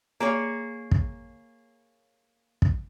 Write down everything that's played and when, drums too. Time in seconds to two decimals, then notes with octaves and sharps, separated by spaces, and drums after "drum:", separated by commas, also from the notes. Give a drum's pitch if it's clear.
0.20 A#3 G#4 C#5
0.91 drum: kick
2.62 drum: kick